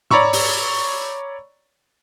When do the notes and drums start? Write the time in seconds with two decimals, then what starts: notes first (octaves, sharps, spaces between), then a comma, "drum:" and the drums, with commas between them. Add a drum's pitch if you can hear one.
0.11 C#5 D5 A#5 B5 C#6 E6, drum: tom G#2
0.33 drum: open hi-hat